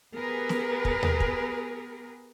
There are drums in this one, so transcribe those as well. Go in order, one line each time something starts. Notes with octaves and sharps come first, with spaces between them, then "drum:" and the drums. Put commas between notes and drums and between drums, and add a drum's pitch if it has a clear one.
B3 G4 G#4 A#4 B4
drum: snare
drum: kick
drum: tom D#2
drum: kick